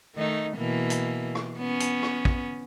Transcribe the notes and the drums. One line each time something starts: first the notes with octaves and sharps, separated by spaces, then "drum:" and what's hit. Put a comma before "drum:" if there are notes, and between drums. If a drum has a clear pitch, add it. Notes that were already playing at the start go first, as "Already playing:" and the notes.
D#3 A3 D#4
B2 E3 A#3
drum: hi-hat
drum: rim click
B3 C#4
drum: hi-hat
drum: rim click
drum: kick